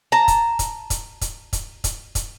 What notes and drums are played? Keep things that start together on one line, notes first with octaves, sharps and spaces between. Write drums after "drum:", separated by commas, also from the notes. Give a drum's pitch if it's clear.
A5 A#5
drum: kick, hi-hat
drum: kick, hi-hat
drum: kick, hi-hat
drum: kick, hi-hat
drum: kick, hi-hat
drum: kick, hi-hat
drum: kick, hi-hat